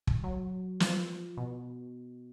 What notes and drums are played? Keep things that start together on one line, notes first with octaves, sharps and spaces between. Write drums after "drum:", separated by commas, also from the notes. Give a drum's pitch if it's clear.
drum: kick
F#3
F3, drum: snare
B2